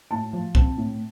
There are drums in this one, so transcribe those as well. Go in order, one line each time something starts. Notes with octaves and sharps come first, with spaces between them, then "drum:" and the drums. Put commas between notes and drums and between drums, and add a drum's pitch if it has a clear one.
A2 A5
F3
C4, drum: kick
A2